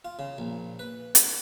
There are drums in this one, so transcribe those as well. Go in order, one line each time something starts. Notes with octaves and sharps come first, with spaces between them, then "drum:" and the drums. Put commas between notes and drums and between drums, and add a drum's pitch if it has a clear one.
F4
C#3
A#1
B4
drum: hi-hat